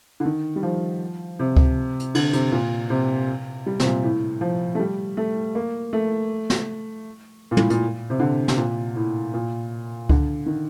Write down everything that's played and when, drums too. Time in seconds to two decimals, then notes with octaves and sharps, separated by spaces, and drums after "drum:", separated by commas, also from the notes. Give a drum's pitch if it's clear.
0.20 D3
0.25 D#3
0.56 G3
0.63 F3
1.39 C3
1.57 drum: kick C#2
2.00 drum: hi-hat
2.15 D3, drum: cymbal
2.33 C3, drum: hi-hat
2.52 A#2
2.90 C3
3.66 G3
3.80 C3, drum: snare
3.85 A#2
4.03 A2
4.41 F3
4.75 A3
4.79 G3
5.17 A3
5.55 A#3
5.93 A3
6.50 drum: snare
7.51 A#2
7.57 A2, drum: tom
7.70 A#2, drum: hi-hat
8.10 C3
8.20 D3
8.48 C3, drum: snare
8.57 A#2
8.95 A2
9.34 A#2
10.09 D3, drum: kick C#2
10.46 D#3